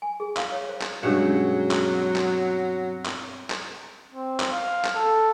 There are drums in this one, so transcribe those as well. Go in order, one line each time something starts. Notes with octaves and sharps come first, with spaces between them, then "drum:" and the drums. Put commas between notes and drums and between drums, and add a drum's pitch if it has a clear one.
G#5
G#4
F5, drum: clap
C#5
C5
drum: clap
G2 B2 F#3 G#3 C#4 G#4 F#5
drum: clap
C4
drum: clap
drum: clap
drum: clap
C4
drum: clap
F5
drum: clap
A4